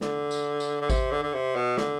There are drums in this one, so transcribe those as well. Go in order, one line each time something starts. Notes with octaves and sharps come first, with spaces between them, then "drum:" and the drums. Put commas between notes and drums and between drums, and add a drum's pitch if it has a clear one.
D3, drum: snare
drum: tambourine
drum: tambourine
D3
C3, drum: kick G#1, tambourine
D3
D3
C3
B2
D3, drum: snare